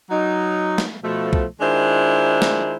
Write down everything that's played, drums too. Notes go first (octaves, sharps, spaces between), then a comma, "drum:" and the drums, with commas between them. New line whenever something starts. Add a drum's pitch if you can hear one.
F#3 D#4
drum: snare
B2 F3 A3
drum: kick
D#3 G#3 D4 E4 F4 C5
drum: snare